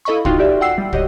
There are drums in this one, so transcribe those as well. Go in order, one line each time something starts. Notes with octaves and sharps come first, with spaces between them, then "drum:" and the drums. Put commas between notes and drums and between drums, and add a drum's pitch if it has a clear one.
E4 A4 D#5 F5 B5 C#6
D#4 F4 F#4 F5 G5 C6, drum: kick
F#4 G4 D5 E5
F#5 G5 E6 C7
G3
F#4 G4 C#5 D#5, drum: kick